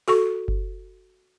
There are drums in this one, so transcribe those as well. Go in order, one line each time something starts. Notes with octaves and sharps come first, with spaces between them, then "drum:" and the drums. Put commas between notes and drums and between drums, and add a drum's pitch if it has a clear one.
F#4 A4 C#6, drum: open hi-hat
drum: kick F#1